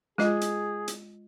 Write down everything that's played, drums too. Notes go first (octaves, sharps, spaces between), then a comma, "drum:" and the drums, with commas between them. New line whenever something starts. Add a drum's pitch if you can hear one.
G#3 F4 G#4 D#5, drum: snare
drum: hi-hat
drum: hi-hat